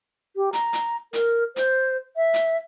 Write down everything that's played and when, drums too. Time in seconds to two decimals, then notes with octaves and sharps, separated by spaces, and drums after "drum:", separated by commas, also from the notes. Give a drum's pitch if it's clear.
0.36 G4
0.53 A#5, drum: hi-hat
0.73 drum: hi-hat
1.13 A#4, drum: hi-hat
1.56 C5, drum: hi-hat
2.17 E5
2.34 drum: hi-hat